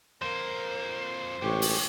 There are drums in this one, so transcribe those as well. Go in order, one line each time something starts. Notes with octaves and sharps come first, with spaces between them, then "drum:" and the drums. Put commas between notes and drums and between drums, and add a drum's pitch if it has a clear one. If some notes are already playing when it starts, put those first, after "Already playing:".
F2 A#3 A#4 C5
A1 G#2 C3 G4 C#5
drum: open hi-hat